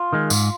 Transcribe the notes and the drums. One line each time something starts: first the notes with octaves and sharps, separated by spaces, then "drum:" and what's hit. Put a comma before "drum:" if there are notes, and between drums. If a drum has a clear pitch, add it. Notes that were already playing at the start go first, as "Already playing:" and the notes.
Already playing: F4
D#3 G#3
G#2, drum: tambourine